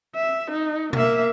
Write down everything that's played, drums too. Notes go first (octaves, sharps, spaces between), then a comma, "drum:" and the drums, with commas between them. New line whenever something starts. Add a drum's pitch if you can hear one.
E5
D#4
A#3 E5, drum: tom